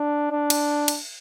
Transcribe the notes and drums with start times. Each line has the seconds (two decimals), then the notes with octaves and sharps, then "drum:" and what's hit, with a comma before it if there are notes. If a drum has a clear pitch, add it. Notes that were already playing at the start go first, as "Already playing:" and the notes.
Already playing: D4
0.32 D4
0.50 drum: cymbal
0.88 drum: cymbal